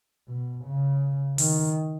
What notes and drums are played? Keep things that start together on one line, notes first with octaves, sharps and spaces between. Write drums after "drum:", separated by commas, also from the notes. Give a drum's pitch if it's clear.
B2
C#3
D#3, drum: open hi-hat